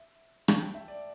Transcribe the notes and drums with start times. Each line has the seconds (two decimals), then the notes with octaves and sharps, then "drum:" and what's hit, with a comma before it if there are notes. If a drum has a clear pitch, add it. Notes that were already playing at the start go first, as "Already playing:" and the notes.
Already playing: E5
0.48 A5, drum: rim click
0.61 G5
0.75 E5
0.88 D5